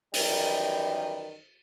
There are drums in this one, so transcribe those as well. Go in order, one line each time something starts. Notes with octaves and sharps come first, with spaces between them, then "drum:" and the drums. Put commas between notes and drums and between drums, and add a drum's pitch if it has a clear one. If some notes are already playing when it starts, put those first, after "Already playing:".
F#2 D#3 E3 G3, drum: open hi-hat